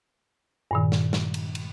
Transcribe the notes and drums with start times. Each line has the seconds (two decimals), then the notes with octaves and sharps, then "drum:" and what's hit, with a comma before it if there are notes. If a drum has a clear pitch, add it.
0.71 G2 A#2 D#3
0.92 drum: snare
1.13 drum: snare
1.34 drum: cymbal
1.55 drum: cymbal